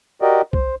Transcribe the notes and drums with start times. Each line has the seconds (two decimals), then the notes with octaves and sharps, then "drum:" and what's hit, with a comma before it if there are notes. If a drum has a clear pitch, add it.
0.22 F#4 G4 A#4 D5 D#5
0.53 C5, drum: kick